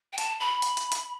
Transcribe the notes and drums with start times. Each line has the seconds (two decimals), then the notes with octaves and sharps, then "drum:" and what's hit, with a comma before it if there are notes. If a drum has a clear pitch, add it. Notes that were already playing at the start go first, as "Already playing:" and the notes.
0.13 G5
0.18 A5, drum: hi-hat
0.40 B5
0.62 drum: hi-hat
0.77 drum: hi-hat
0.92 drum: hi-hat